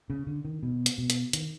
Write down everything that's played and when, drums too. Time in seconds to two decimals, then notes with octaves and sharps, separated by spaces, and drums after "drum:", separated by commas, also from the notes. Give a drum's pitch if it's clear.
0.10 C#3
0.27 D3
0.45 D#3
0.63 B2
0.86 drum: hi-hat
0.98 B2
1.10 drum: hi-hat
1.33 D#3, drum: hi-hat